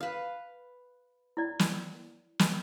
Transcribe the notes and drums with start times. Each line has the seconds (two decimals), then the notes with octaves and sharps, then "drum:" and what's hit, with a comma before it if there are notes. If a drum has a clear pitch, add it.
0.01 B4 F5
1.37 E4 D5
1.59 drum: snare
2.39 drum: snare